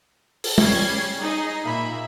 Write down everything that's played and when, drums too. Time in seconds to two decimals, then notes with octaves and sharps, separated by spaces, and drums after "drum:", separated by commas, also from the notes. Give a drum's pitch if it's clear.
0.44 drum: open hi-hat
0.58 G3 C#4 G#6 C7, drum: tom
1.20 D#4 G#4 D#5
1.64 A#2 A#3 E5 B5